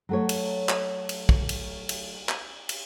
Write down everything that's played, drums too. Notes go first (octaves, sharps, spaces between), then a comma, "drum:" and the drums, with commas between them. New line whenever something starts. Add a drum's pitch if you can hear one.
F#3 A3 C#5
drum: cymbal
drum: clap
drum: cymbal
drum: kick
drum: cymbal
drum: cymbal
drum: clap
drum: cymbal